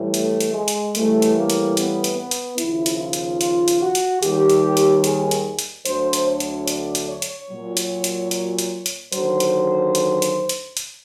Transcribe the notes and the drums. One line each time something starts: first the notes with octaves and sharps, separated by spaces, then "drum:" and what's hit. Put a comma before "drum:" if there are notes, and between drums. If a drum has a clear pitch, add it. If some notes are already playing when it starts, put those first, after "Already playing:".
Already playing: A2 E3 G3
A3, drum: hi-hat
drum: hi-hat
G#3
drum: hi-hat
A2 E3 G3 A3, drum: hi-hat
drum: hi-hat
A#3
drum: hi-hat
B3, drum: hi-hat
drum: hi-hat
B3
drum: hi-hat
D#2 C#3 F3 E4, drum: hi-hat
drum: hi-hat
F4
drum: hi-hat
F4, drum: hi-hat
drum: hi-hat
F#4
drum: hi-hat
D#2 D#3 G3 G4, drum: hi-hat
drum: hi-hat
drum: hi-hat
G#4, drum: hi-hat
drum: hi-hat
drum: hi-hat
D2 D3 F#3 C5, drum: hi-hat
drum: hi-hat
C#5
drum: hi-hat
D5, drum: hi-hat
drum: hi-hat
C#5
drum: hi-hat
A#2 F#3
drum: hi-hat
drum: hi-hat
drum: hi-hat
drum: hi-hat
drum: hi-hat
D#2 D3 F#3 C5, drum: hi-hat
drum: hi-hat
drum: hi-hat
drum: hi-hat
drum: hi-hat
drum: hi-hat